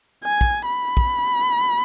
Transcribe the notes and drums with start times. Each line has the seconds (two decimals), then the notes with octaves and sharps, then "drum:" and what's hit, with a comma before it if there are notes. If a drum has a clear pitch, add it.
0.24 G#5
0.41 drum: kick
0.66 B5
0.97 drum: kick